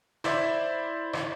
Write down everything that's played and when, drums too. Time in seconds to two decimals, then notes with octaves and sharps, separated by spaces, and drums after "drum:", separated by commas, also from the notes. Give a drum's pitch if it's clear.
0.24 E4 C5 D5 E5, drum: rim click
1.13 drum: rim click